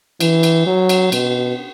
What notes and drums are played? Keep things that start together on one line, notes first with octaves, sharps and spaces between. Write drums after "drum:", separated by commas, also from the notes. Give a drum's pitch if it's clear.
E3, drum: cymbal
drum: cymbal
F#3
drum: cymbal
B2, drum: cymbal